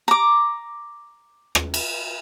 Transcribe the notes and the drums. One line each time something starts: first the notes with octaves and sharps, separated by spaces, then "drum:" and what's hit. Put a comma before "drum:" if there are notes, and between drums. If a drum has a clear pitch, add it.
A#5 D6
drum: rim click
drum: cymbal